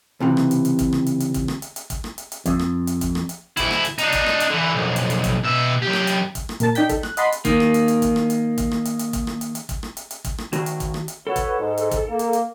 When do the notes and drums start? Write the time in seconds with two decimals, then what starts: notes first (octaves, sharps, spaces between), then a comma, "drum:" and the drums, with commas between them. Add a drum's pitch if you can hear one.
0.20 C#2 C3 E3
0.37 drum: rim click
0.51 drum: hi-hat
0.65 drum: hi-hat
0.79 drum: kick, hi-hat
0.93 drum: rim click
1.06 drum: hi-hat
1.20 drum: hi-hat
1.34 drum: kick, hi-hat
1.48 drum: rim click
1.62 drum: hi-hat
1.76 drum: hi-hat
1.90 drum: kick, hi-hat
2.04 drum: rim click
2.18 drum: hi-hat
2.32 drum: hi-hat
2.46 F2, drum: kick, hi-hat
2.59 drum: rim click
2.87 drum: hi-hat
3.01 drum: kick, hi-hat
3.15 drum: rim click
3.29 drum: hi-hat
3.57 D2 E4, drum: kick, hi-hat
3.71 drum: rim click
3.85 drum: hi-hat
3.98 D4 D#4, drum: hi-hat
4.12 drum: kick, hi-hat
4.26 drum: rim click
4.40 drum: hi-hat
4.50 D3 E3
4.75 B1 F2
4.96 drum: hi-hat
5.10 drum: hi-hat
5.24 drum: kick, hi-hat
5.44 B2 E5
5.83 F#2 G4
5.93 drum: rim click
6.07 drum: hi-hat
6.35 drum: kick, hi-hat
6.49 drum: rim click
6.60 A#2 A#4 A5, drum: hi-hat
6.75 D#4 D5 G5 G6 B6, drum: hi-hat
6.89 A4, drum: kick, hi-hat
7.03 F#6, drum: rim click
7.17 D#5 F#5 A5 B5 C6, drum: hi-hat
7.32 drum: hi-hat
7.45 D#3 A#3, drum: kick, hi-hat
7.60 drum: rim click
7.74 drum: hi-hat
7.88 drum: hi-hat
8.02 drum: kick, hi-hat
8.16 drum: rim click
8.30 drum: hi-hat
8.58 drum: kick, hi-hat
8.71 drum: rim click
8.85 drum: hi-hat
8.99 drum: hi-hat
9.13 drum: kick, hi-hat
9.27 drum: rim click
9.41 drum: hi-hat
9.55 drum: hi-hat
9.69 drum: kick, hi-hat
9.83 drum: rim click
9.97 drum: hi-hat
10.11 drum: hi-hat
10.24 drum: kick, hi-hat
10.38 drum: rim click
10.53 D#3 F#4, drum: hi-hat
10.66 drum: hi-hat
10.80 drum: kick, hi-hat
10.94 drum: rim click
11.08 drum: hi-hat
11.27 F#4 A4 B4 C#5
11.36 drum: kick, hi-hat
11.58 G#2
11.77 drum: hi-hat
11.91 drum: kick, hi-hat
12.09 A#3
12.19 drum: hi-hat
12.33 drum: hi-hat